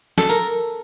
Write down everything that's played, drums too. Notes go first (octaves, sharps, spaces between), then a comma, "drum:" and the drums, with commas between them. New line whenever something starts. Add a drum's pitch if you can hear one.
A4, drum: snare
A#4